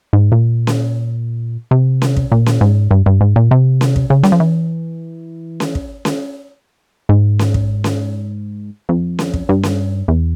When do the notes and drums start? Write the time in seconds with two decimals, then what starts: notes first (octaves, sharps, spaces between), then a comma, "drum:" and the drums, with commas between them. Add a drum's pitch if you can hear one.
0.13 G#2
0.32 A#2
0.67 drum: snare C#4
1.71 C3
2.02 drum: snare C#4
2.17 drum: kick
2.32 A#2
2.46 drum: snare C#4
2.61 G#2
2.91 G2
3.06 G2
3.21 G#2
3.36 A#2
3.51 C3
3.81 drum: snare C#4
3.96 drum: kick
4.10 C#3
4.23 G3, drum: snare C#4
4.32 F3
4.40 E3
5.60 drum: snare C#4
5.75 drum: kick
6.05 drum: snare C#4
7.09 G#2
7.39 drum: snare C#4
7.54 drum: kick
7.84 drum: snare C#4
8.89 F2
9.19 drum: snare C#4
9.34 drum: kick
9.49 G2
9.63 drum: snare C#4
10.08 E2